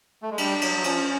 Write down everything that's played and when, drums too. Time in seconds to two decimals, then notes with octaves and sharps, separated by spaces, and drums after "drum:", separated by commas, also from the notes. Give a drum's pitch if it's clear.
0.22 A3
0.31 G#3
0.38 G3 D4, drum: cymbal
0.61 F#3, drum: cymbal
0.76 F#3
0.84 F3 C#4, drum: cymbal